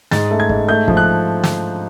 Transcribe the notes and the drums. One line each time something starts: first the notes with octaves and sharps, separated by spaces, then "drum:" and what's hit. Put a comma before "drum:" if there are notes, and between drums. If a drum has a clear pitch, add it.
G#2 A6, drum: snare
A3
G#6
G#2, drum: kick
A3 G6
F3, drum: kick
F#6
drum: snare